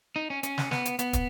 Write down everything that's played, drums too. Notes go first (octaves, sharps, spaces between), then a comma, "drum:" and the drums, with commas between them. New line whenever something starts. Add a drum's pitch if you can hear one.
D#4
C#4
C#4, drum: hi-hat
drum: snare
B3, drum: snare
drum: hi-hat
B3, drum: hi-hat
drum: kick, hi-hat